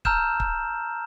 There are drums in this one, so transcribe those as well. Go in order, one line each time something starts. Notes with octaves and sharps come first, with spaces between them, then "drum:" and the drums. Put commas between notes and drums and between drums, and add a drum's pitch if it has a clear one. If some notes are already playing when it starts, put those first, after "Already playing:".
A5 A#5 E6 F6 G6 E7, drum: kick
drum: kick